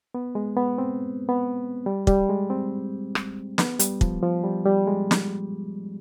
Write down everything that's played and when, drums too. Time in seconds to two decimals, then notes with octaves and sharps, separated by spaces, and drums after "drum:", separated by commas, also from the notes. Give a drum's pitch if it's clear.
0.14 B3
0.35 G#3
0.57 B3
0.78 C4
1.29 B3
1.86 G3
2.07 G3, drum: kick
2.30 G#3
2.50 C4
3.15 drum: rim click
3.58 B3, drum: snare
3.79 G3, drum: hi-hat
4.01 F3, drum: kick
4.23 F3
4.43 G3
4.66 G3
4.87 G#3
5.11 drum: snare